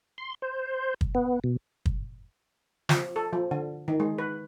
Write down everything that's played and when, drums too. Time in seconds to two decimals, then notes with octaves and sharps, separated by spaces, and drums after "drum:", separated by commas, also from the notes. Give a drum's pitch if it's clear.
0.18 C6
0.42 C5
1.01 drum: kick
1.15 B3
1.44 B2
1.86 drum: kick
2.89 F3, drum: snare
3.16 A4
3.33 F3
3.51 D3
3.88 D#3
4.00 G#3
4.18 B4